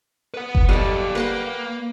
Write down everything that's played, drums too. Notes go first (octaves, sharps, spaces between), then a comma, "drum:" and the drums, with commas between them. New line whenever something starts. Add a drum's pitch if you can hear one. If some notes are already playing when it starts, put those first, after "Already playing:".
B4 F#5
drum: kick F#1
F#3 G3 A4 D5
A#3 B4 F#5 G5